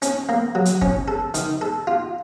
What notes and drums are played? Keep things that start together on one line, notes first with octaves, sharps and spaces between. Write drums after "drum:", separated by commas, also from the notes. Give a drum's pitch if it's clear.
C#4, drum: hi-hat
A#3
F#3
drum: hi-hat
C#4, drum: kick
A4
D#3, drum: hi-hat
A4
F4